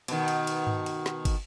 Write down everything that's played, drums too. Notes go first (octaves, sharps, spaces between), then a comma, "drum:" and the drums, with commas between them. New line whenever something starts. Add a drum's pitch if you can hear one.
B2 D#3, drum: cymbal
drum: cymbal
drum: cymbal
drum: tom G2
drum: cymbal
drum: snare
drum: kick, cymbal